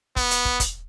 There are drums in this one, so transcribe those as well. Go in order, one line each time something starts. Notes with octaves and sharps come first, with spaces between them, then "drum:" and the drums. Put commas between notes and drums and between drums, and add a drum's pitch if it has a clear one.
B3, drum: kick
drum: hi-hat
drum: kick
drum: kick, hi-hat